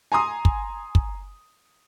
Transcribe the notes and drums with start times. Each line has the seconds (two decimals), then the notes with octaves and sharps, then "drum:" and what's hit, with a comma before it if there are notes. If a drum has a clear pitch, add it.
0.12 G#5 A#5 C6 D#6
0.45 drum: kick
0.95 drum: kick